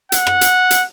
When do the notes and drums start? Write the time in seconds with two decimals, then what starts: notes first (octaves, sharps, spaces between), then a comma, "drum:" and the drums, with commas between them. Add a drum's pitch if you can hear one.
0.12 F#5, drum: hi-hat
0.27 drum: rim click
0.41 drum: hi-hat
0.71 drum: hi-hat